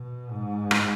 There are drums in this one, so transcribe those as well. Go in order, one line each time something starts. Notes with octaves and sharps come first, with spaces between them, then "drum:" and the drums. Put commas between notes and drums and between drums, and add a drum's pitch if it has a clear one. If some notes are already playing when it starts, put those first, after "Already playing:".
Already playing: B2
G#2
drum: rim click